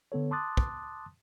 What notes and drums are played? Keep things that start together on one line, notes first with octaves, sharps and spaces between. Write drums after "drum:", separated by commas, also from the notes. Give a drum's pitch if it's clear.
D3 B3 A4 C#5
A5 C6 D6 D#6 F#6 A6
drum: kick